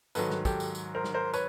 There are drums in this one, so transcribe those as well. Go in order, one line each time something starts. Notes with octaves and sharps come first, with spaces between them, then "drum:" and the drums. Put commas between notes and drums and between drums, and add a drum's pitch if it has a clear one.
G#2 D#3 F#3 A4 B4, drum: tambourine
drum: snare
G4 A4, drum: kick, tambourine
drum: tambourine
drum: tambourine
A#4 C5
drum: snare
A#4 C5
B4 C#5, drum: tambourine